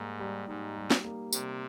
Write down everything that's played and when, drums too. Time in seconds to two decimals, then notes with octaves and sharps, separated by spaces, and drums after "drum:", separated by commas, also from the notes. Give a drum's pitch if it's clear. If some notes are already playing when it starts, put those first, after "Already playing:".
Already playing: G#2 G3 A#3
0.19 G3
0.48 G#2 D#4
0.77 G3
0.91 drum: snare
1.04 A#3
1.33 C3 G3, drum: tambourine